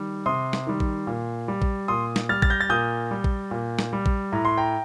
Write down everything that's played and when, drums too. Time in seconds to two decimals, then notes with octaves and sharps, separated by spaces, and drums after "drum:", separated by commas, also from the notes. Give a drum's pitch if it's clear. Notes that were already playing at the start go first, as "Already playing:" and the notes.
Already playing: D#3 G3
0.26 C3 C6 D#6
0.53 drum: snare
0.66 D#3 G3
0.80 drum: kick A#1
1.07 A#2
1.48 G3
1.62 drum: kick A#1
1.88 A#2 C6 D#6
2.16 drum: snare
2.29 G3 F6 A6
2.42 A6, drum: kick A#1
2.50 G6 A#6
2.61 A6
2.69 A#2 D#6 G6
3.11 G3
3.24 drum: kick A#1
3.51 A#2
3.79 drum: snare
3.93 G3
4.06 drum: kick A#1
4.32 A2 A#5
4.45 C6
4.58 G5 A#5